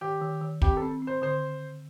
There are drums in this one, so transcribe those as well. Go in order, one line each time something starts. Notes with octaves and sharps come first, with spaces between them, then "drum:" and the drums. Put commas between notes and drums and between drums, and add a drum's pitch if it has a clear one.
D#3 G4
D#3
D#3
C4 G4, drum: kick
A4
C4
C4
C5
D3 C5